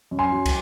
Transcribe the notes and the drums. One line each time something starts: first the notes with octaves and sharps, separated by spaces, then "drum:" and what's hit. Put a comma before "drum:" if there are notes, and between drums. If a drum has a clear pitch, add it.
F#2
G#5 C6
F#3
drum: kick, cymbal